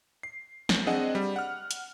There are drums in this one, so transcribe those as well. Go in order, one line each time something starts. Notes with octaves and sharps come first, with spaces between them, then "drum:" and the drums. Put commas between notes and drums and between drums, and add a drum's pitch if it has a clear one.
C7
drum: snare
C4 D4 G#4 D#5 F#5
G3
F#5 F6
drum: hi-hat